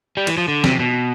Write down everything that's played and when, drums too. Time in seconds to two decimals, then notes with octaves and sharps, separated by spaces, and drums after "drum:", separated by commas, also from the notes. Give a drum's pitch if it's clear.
0.17 G3
0.27 E3, drum: cymbal
0.38 F3
0.48 D3
0.64 C3, drum: snare
0.80 B2